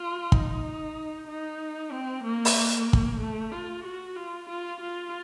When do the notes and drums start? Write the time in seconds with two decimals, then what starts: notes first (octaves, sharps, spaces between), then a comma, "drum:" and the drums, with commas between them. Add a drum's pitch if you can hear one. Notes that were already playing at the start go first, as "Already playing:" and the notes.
Already playing: F4
0.32 D#4, drum: kick
1.28 D#4
1.92 C4
2.24 A#3
2.45 drum: open hi-hat
2.56 A#3
2.93 drum: kick
3.21 A3
3.52 F4
3.85 F#4
4.16 F4
4.49 F4
4.81 F4